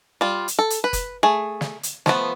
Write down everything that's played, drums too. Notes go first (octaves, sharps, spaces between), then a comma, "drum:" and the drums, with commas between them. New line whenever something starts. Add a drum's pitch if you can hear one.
G3 F4
drum: hi-hat
A4
drum: hi-hat
B4
drum: kick F#1, hi-hat
A3 G#4
drum: snare
drum: hi-hat
F3 A3 B3, drum: snare